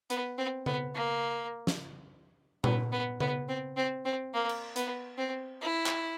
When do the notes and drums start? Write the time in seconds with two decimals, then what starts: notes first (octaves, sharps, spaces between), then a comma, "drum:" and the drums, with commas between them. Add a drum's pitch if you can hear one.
0.10 B3, drum: hi-hat
0.38 C4
0.66 B3, drum: tom C#3
0.95 A#3
1.67 drum: snare
2.64 B3, drum: tom A#2
2.92 B3
3.20 B3, drum: tom C#3
3.48 C4
3.77 C4
4.05 C4
4.34 A#3
4.49 drum: cymbal
4.76 B3, drum: hi-hat
5.18 C4
5.61 E4
5.86 drum: clap